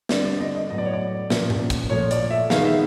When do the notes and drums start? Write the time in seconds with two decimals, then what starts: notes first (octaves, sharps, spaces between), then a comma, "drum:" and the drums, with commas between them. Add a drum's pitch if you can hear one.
0.09 D3 G3 C4 D5, drum: snare
0.25 D5
0.40 D#5
0.55 D#5
0.70 A2 F#3 B3 D#5
0.78 D5
0.85 C#5
0.93 D5
1.30 A#2 F3 A#3 C#4, drum: snare
1.50 drum: tom G#2
1.70 drum: kick, hi-hat
1.90 A#2 F3 A3 C#5
2.11 D5, drum: hi-hat
2.30 E5
2.50 D#3 G#3 B3 F5, drum: snare
2.65 E5